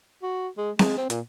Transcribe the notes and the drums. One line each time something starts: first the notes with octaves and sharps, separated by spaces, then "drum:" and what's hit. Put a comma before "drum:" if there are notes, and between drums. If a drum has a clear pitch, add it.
F#4
G#3
G#3, drum: snare C4
C4
A#2, drum: hi-hat